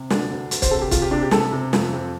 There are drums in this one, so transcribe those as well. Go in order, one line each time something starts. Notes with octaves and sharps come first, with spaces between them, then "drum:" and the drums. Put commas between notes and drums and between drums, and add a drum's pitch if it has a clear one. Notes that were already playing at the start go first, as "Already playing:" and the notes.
Already playing: C3
D2 D4, drum: snare
D2
D2, drum: hi-hat
C5, drum: kick C#1, hi-hat
C3 A4
G4
C3 F4, drum: kick C#1, hi-hat
G4
C3 D4
G4
C3 A4, drum: snare
C3
F2, drum: snare
F2